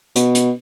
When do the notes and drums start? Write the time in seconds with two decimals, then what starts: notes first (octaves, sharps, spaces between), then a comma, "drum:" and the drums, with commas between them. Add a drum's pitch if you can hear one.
0.16 B2, drum: hi-hat
0.35 drum: hi-hat